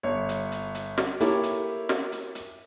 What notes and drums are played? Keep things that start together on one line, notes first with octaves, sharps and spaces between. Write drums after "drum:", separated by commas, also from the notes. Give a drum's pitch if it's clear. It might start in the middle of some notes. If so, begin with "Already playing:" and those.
G1 C#5
drum: hi-hat
drum: hi-hat
drum: hi-hat
drum: snare
A#3 E4 G4 A4 C#5 E5, drum: hi-hat
drum: hi-hat
drum: snare
drum: hi-hat
drum: hi-hat